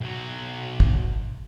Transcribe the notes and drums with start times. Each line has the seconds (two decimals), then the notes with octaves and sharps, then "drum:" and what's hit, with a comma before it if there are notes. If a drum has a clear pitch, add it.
0.01 B1 F#3
0.80 drum: kick